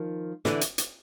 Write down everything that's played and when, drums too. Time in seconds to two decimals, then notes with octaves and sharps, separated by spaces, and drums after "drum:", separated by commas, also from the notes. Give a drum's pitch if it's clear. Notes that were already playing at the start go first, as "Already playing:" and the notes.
Already playing: D#3 F3
0.45 D3 E3, drum: snare
0.61 drum: hi-hat
0.78 drum: hi-hat